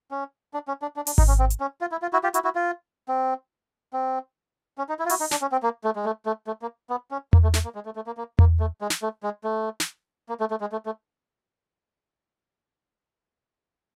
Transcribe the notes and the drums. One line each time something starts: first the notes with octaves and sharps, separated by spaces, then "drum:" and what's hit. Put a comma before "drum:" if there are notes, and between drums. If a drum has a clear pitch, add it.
C#4
D4
C#4
D4
D4
D4, drum: open hi-hat
D#4, drum: kick G#1
C#4
C4
drum: hi-hat
C#4
F4
E4
F4
E4 F#4
F4 G4
E4 F#4, drum: hi-hat
E4 F#4
F4
C4
C4
C#4
D#4
E4
F4
E4 F#4, drum: open hi-hat
D#4
D4, drum: snare
C#4
C4
A#3
A3
G#3
A3
A3
A3
A#3
B3
C#4
A#3, drum: tom E2
A3
A3, drum: snare
A#3
G#3
A3
A3
A#3
A#3
A#3, drum: tom E2
A3
G#3
drum: snare
A3
G#3
A3
drum: snare
A#3
A3
A3
G#3
A3
A3